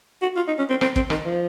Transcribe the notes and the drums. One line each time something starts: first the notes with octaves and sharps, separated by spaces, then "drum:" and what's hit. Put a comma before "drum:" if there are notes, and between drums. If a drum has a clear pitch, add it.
F#4
F4
D#4
C#4
C4
C4, drum: rim click
C4, drum: kick
D#3, drum: rim click
F3